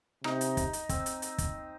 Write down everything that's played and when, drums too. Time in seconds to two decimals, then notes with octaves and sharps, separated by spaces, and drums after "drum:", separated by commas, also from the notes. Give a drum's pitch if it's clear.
0.24 C3 D#4, drum: rim click
0.41 drum: hi-hat
0.57 drum: kick, hi-hat
0.73 drum: hi-hat
0.89 C4, drum: kick, hi-hat
1.06 drum: hi-hat
1.22 drum: hi-hat
1.38 drum: kick, hi-hat